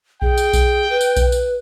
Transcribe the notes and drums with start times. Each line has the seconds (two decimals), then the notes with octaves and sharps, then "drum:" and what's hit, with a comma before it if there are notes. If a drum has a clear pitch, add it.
0.22 G#4 G5, drum: kick B1
0.38 drum: tambourine
0.53 drum: kick B1, tambourine
0.90 B4
1.01 drum: tambourine
1.16 drum: kick B1, tambourine
1.32 drum: tambourine